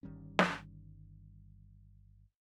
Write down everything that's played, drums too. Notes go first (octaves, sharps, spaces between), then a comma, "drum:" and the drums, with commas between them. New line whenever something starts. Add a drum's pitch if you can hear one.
G1 D#3 G3 C#4
drum: snare